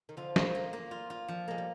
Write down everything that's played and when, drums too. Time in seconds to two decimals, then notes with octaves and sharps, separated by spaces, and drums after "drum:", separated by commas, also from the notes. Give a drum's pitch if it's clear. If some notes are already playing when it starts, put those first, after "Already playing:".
0.09 D#3
0.17 D3 F3 F4
0.36 A#3, drum: snare
0.55 A#3
0.73 A#3
0.91 F4
1.10 F4
1.28 F3
1.48 G#3 A#3
1.58 G3